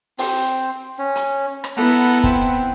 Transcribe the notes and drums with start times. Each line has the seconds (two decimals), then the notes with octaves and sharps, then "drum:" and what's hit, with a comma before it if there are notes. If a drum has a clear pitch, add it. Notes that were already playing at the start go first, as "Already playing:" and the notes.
0.18 C4, drum: open hi-hat
0.99 C#4
1.15 drum: hi-hat
1.64 drum: rim click
1.77 B3 E4 A4 F#5 A#5
2.24 C4, drum: kick